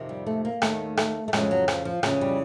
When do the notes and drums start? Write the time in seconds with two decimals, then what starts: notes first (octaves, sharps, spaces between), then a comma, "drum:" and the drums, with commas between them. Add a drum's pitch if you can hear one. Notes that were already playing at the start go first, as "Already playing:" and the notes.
Already playing: F2 C3 D#3
0.09 G3
0.26 A3
0.45 A#3
0.62 D#2 D#3 A3, drum: rim click
0.97 A3, drum: rim click
1.28 A3
1.33 F2 C#3 E3 G#3, drum: rim click
1.51 F#3
1.68 F3, drum: rim click
1.85 F3
2.03 F2 C#3 E3 F#3, drum: rim click
2.21 G3